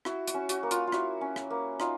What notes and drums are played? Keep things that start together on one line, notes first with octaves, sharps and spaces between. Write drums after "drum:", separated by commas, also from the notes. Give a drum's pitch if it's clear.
E4 F#4, drum: rim click
F#4, drum: hi-hat
C#4
F#4, drum: hi-hat
A#3
F4, drum: hi-hat
F4
E4 F#4, drum: rim click
C#4
drum: rim click
A#3
D#4 F4, drum: rim click